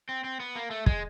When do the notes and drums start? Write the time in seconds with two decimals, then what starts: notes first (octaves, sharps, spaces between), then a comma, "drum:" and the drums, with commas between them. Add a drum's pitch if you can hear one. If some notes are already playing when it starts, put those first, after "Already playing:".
0.09 C4
0.24 C4
0.40 B3
0.56 A#3
0.71 A3
0.86 G#3, drum: kick